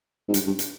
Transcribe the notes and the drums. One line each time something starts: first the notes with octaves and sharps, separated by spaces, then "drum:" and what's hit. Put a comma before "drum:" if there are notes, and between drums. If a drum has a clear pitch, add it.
G#2
G2, drum: hi-hat
G2
drum: hi-hat